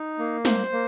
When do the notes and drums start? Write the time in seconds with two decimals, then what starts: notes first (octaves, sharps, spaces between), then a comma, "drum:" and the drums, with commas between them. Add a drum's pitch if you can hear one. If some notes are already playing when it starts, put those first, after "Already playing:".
Already playing: D#4
0.19 A#3
0.45 C5, drum: snare
0.72 A#3